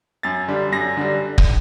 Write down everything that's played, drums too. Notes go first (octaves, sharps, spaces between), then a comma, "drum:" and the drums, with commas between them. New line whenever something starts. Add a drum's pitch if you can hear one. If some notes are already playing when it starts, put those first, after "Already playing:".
F#2 A6
D3 G3
F#2 A#6
D3 G3
drum: kick